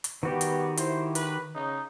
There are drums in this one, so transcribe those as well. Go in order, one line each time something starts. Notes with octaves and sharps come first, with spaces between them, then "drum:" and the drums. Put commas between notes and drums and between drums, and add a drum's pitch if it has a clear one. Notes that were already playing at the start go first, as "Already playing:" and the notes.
drum: hi-hat
D#3 G3 B3 F#4 G4
drum: hi-hat
E4 C5, drum: hi-hat
B4, drum: hi-hat
C#3 D#4